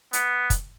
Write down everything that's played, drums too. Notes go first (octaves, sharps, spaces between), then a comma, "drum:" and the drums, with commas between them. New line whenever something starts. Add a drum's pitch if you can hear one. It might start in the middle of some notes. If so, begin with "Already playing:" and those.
B3, drum: hi-hat
drum: kick, hi-hat